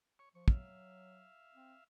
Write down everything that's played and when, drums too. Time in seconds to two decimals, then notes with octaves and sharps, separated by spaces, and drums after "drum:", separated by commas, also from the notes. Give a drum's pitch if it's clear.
0.19 C#5 C#6
0.35 F3 C#6
0.48 F#3 E5 F5, drum: kick
1.54 C4